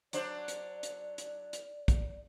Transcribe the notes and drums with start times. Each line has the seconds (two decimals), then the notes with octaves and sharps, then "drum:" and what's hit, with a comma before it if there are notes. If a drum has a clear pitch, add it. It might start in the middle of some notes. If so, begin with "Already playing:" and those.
0.13 F#3 D4 C5 D5, drum: hi-hat
0.48 drum: hi-hat
0.83 drum: hi-hat
1.18 drum: hi-hat
1.53 drum: hi-hat
1.88 drum: kick A#1, hi-hat